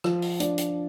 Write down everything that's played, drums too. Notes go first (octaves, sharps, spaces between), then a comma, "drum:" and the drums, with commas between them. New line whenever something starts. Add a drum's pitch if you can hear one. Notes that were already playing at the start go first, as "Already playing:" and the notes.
F3, drum: rim click
drum: open hi-hat
D4, drum: hi-hat
drum: hi-hat